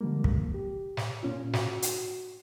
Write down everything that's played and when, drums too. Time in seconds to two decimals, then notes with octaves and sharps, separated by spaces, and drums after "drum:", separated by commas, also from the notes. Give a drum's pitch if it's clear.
0.01 D3 F3 G3 G#3 A#3
0.24 drum: kick
0.54 G4
0.97 drum: snare
1.23 A#2 C#4 F4
1.53 F#4, drum: snare
1.82 drum: hi-hat